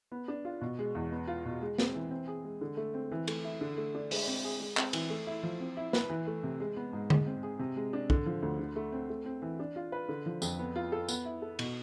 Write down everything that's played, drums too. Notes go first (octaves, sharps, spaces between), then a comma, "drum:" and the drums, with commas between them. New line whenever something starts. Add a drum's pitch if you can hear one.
B3
D4
F4
B2
G#3
E2
B3
F4
B2
G#3
C4, drum: snare
E3
C4
G#4
G#3
D3
A3
C4
E3
A3, drum: cymbal
E4
D3
A3
D4
G#3, drum: open hi-hat
C4
G#4
G#3
C4, drum: clap
E3, drum: cymbal
A3
E4
F3
C4
E4
B4, drum: snare
E3
A3
C3
G#3
B3
G#2
G#3, drum: tom D3
C4
G#4
C3
G#3
D4
D3, drum: kick
F3
D2
D3
A3
C4
A3
C4
E3
D4
F4
B4
D3
F3
F2, drum: tambourine
B3
F4
A4
B3, drum: tambourine
E4
A4
B2, drum: cymbal